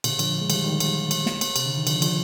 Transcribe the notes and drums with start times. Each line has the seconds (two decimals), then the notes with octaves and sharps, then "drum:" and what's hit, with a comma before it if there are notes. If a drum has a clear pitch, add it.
0.04 A#2 D3, drum: cymbal
0.19 D3 F3, drum: cymbal
0.41 G#3
0.50 D#3 G3, drum: cymbal
0.65 D#3 G3
0.80 drum: cymbal
1.11 drum: cymbal
1.26 drum: snare
1.41 drum: cymbal
1.56 C3, drum: cymbal
1.66 D3
1.77 D#3
1.87 D3 F3, drum: cymbal
2.02 D3 F3, drum: cymbal